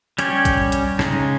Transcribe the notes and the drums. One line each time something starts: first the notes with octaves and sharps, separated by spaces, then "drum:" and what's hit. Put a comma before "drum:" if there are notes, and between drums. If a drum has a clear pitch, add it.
G3 C#4 G4 C#5, drum: hi-hat
drum: kick A#1, hi-hat
drum: hi-hat
C#3 G#3 D#4, drum: rim click